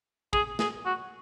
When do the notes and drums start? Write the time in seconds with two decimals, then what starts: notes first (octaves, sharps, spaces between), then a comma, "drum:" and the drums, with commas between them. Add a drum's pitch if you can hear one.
0.33 G#4, drum: kick
0.59 G#4, drum: snare
0.85 F#4